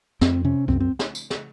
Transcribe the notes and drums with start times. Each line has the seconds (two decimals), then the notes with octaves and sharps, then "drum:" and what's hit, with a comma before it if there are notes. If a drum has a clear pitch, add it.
0.21 F2 C4, drum: snare
0.44 C3 C#4
0.68 F#2 C4, drum: kick C2
0.80 C4
0.99 drum: snare
1.15 drum: tambourine
1.30 drum: snare